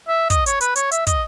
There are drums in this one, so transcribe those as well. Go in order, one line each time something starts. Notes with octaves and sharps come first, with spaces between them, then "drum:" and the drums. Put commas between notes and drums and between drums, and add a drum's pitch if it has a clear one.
E5
D#5, drum: kick, hi-hat
C#5, drum: hi-hat
B4, drum: hi-hat
C#5, drum: hi-hat
E5, drum: hi-hat
D#5, drum: kick, hi-hat